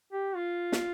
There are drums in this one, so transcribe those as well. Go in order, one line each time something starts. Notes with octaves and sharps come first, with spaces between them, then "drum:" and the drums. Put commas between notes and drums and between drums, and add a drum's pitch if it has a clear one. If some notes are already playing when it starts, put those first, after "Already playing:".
G4
F4
drum: snare